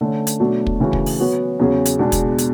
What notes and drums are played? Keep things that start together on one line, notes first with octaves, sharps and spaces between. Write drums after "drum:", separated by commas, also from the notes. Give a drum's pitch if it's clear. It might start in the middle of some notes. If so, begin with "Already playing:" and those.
D3 A3 C#4
drum: hi-hat
B2 F#3 A3 D4 F#4
drum: kick
C#3 E3 A3 C#4 F#4
drum: kick
drum: open hi-hat
F#3 B3 F#4 C#5
E2 C#3 F#3 C#4 G#4
drum: hi-hat
E2 B2 G#3 D4
drum: kick, hi-hat
drum: hi-hat